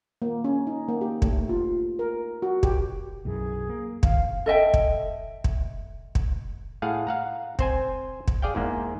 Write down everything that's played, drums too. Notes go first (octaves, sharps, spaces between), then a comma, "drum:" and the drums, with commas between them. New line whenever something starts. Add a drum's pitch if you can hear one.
A#3
C#4
D#4
A#3
G4
A3, drum: kick
F4
A#4
F#4
G4, drum: kick
B1 F#2 E3 G#4
A#3
A1 G2 D#3 F5, drum: kick
A4 D#5 E5 G5
drum: kick
drum: kick
drum: kick
A2 G#4 F5 F#5
F5 F#5 A#5
C4 C5 G#5, drum: kick
drum: kick
G#4 D5 F5 G5
E2 G#2 A#3